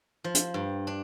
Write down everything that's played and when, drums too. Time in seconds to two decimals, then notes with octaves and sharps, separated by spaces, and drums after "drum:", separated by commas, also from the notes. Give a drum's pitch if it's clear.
0.24 F3
0.34 drum: hi-hat
0.54 G2
0.87 D4